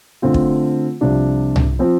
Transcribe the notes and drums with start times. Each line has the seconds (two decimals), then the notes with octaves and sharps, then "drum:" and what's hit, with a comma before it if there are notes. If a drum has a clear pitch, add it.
0.22 D3 A3 C4 F4
0.34 drum: kick
1.01 C2 C3 F3 D4 F4
1.56 drum: tom C2
1.79 F3 C4 F4